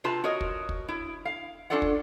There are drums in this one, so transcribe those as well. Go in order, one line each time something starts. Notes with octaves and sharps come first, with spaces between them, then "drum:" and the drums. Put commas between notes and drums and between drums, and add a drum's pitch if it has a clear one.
C3 C4 F4 B4 A5
F#4 A#4 C#5 D#5
drum: kick
drum: kick
E4
F5
C#4 D4 F4 A4 D5 F#5
drum: kick